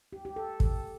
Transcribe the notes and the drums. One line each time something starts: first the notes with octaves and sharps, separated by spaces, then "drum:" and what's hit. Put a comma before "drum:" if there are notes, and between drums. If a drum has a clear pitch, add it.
G4
G4
A4
A4, drum: kick